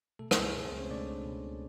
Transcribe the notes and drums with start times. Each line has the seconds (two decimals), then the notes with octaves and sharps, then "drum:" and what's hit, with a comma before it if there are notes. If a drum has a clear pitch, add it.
0.19 B2 A3 A4
0.31 A3 A4, drum: rim click
0.37 C#2
0.43 G#3 G#4
0.54 B2 A3 A4
0.66 C4 C5
0.72 C#2
0.78 C#4 C#5
0.90 B2 D4 D5
1.08 C#2
1.26 B2